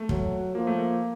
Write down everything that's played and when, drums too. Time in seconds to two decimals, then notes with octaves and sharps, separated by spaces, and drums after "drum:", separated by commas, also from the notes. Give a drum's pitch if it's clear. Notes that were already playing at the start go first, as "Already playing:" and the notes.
Already playing: A3
0.09 F#3, drum: kick
0.55 F3 A#3
0.67 A3
0.79 A#3